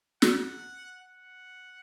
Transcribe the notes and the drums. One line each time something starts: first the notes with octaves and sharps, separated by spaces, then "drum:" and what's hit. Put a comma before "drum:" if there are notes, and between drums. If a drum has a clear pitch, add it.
F#5, drum: snare
F#5